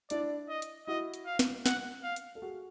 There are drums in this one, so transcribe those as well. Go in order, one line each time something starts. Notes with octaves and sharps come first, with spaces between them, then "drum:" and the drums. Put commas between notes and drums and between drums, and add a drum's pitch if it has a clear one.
D4 E4 D5, drum: hi-hat
D#5
drum: hi-hat
E4 F#4 D#5
drum: hi-hat
F5
drum: snare
F#5, drum: snare
F5
drum: hi-hat
A4
F#4 G#4